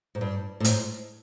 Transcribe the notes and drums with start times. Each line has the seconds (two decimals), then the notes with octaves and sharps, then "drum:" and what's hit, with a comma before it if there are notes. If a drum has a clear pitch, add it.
0.15 G#2
0.21 G2
0.60 A2
0.64 G#2, drum: hi-hat